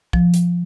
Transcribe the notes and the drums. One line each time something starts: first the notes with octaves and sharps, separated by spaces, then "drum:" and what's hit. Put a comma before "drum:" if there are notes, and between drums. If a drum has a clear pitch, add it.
F3, drum: kick
drum: hi-hat